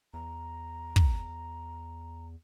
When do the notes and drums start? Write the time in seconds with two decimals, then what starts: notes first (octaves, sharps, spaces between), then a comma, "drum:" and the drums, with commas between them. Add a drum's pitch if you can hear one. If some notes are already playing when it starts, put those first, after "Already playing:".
0.14 E2 A#5
0.96 drum: kick